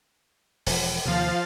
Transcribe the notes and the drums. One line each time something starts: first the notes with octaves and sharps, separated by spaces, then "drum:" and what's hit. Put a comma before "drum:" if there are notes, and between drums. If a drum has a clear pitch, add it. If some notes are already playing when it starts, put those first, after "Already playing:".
E1 F3, drum: open hi-hat
D#2 C3 F3 F5 A6